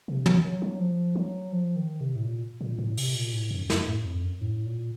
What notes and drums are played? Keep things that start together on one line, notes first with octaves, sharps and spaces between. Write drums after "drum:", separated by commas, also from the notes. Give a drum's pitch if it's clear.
C3
D#3, drum: tom
F#3
F#3
F3
F#3
F3
D#3
C3
A2
A#2
A#2
A2
C3, drum: open hi-hat
A#2
A2
F#2
F#2, drum: snare
A2
F2
F#2
A2
A#2